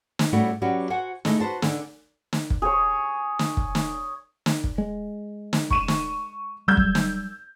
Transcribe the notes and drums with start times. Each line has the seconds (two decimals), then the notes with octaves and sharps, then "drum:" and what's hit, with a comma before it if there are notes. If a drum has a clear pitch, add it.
0.19 drum: snare
0.33 A2 G3 A3 C#4 F#4 G4
0.62 F#3 C#4 F#4 G4 B4 D5
0.90 F#4 C5 F#5 G#5
1.25 G#3 A3 D#4 E4 D#5, drum: snare
1.40 F#4 B4 C5 A5
1.62 D3 G#5, drum: snare
2.33 drum: snare
2.50 drum: kick
2.62 G#4 C#5
3.39 drum: snare
3.57 drum: kick
3.75 drum: snare
4.46 drum: snare
4.64 drum: kick
4.78 G#3
5.53 drum: snare
5.70 C#6 D#7 E7, drum: kick
5.88 drum: snare
6.68 F#3 G3 E6 G6 G#6
6.77 drum: kick
6.95 drum: snare